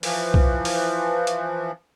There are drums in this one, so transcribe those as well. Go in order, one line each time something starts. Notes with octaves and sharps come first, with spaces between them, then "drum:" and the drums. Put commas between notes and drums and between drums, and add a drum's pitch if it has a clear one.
E3 F3, drum: open hi-hat
drum: kick
drum: open hi-hat
drum: hi-hat